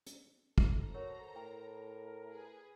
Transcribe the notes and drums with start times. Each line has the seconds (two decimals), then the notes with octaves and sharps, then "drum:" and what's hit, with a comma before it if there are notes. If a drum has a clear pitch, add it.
0.06 drum: hi-hat
0.58 A4 C5 A#5, drum: kick
0.94 F#4 A#4 C#5
1.36 A2 A#4 G5
2.32 G#4 B4